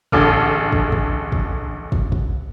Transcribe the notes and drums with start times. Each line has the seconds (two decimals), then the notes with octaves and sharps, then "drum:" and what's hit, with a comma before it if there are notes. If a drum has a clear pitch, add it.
0.12 A1 D3 G#4 A4 D6 F6, drum: kick
0.72 drum: kick
0.92 drum: kick
1.32 drum: kick
1.92 drum: kick
2.12 drum: kick